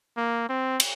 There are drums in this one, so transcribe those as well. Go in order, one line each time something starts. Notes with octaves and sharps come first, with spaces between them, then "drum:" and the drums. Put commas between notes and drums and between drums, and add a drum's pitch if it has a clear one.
A#3
C4
drum: cymbal